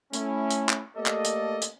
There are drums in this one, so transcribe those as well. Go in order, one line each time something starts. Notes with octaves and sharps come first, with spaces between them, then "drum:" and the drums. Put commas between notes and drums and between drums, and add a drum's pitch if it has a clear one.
A3 C#4 E4, drum: hi-hat
drum: hi-hat
drum: clap
A3 A#3 G4 A4 D5 D#5
drum: clap
drum: hi-hat
drum: hi-hat